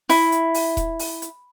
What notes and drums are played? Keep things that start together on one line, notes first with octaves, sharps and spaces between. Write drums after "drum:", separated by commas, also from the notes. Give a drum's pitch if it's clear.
E4, drum: open hi-hat
drum: hi-hat
drum: open hi-hat
drum: kick D#1, hi-hat
drum: open hi-hat
drum: hi-hat